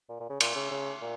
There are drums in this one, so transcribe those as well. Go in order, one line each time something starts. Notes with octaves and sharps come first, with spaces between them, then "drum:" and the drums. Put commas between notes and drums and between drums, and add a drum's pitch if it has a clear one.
A#2
A#2
C#3
A#2, drum: cymbal
C#3
C#3
A#2